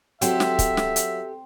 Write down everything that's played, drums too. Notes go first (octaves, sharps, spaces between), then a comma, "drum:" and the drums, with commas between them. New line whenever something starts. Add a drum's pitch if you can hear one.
F#3 C4 G4 A4 E5, drum: hi-hat
drum: snare
drum: kick, hi-hat
drum: snare
drum: hi-hat